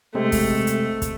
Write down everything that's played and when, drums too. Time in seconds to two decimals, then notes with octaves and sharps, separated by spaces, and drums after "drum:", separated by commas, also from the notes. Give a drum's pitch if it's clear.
0.15 C3 G#3 A3 C4
0.32 drum: kick, open hi-hat
0.67 drum: hi-hat
1.02 drum: kick, hi-hat